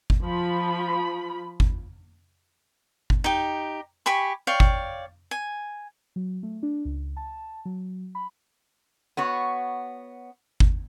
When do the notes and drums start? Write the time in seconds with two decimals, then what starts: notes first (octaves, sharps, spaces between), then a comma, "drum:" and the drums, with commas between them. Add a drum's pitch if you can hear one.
0.10 drum: kick G1
0.23 F3 B5
1.60 drum: kick G1
3.10 drum: kick G1
3.24 D#4 G4
4.06 G4 G#5 B5 C#6
4.47 C#5 D5 F5 G5
4.60 drum: kick G1
5.31 G#5
6.16 F#3
6.43 A3
6.63 D4
6.85 C#2
7.17 A5
7.65 F#3
8.15 B5
9.17 B3 F#4 C#5
10.60 drum: kick G1